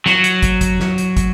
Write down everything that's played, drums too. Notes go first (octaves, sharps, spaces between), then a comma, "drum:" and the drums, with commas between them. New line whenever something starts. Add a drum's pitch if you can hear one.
F#3, drum: snare
drum: hi-hat
drum: kick, hi-hat
drum: kick, hi-hat
drum: snare
drum: hi-hat
drum: kick, hi-hat